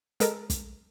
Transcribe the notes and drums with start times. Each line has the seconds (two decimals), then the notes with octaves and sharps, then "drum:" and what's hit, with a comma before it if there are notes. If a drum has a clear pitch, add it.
0.20 G#3 A4 A#4, drum: hi-hat
0.50 drum: kick, hi-hat